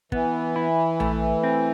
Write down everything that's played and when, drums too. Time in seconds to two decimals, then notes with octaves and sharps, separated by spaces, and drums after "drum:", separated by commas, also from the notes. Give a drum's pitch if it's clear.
0.12 E3 B3, drum: kick
0.56 E4
1.00 A3, drum: tom A#1
1.44 C4